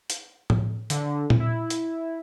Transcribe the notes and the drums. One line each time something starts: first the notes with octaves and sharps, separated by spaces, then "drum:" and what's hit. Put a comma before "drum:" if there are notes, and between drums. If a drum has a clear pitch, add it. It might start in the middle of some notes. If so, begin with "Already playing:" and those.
drum: hi-hat
drum: tom A2
D3, drum: hi-hat
drum: tom A#2
E4
drum: hi-hat